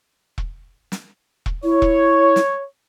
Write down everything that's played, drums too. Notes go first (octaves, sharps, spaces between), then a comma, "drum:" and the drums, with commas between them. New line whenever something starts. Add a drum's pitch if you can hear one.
drum: kick E1
drum: snare
drum: kick E1
E4 C#5
drum: kick E1
drum: snare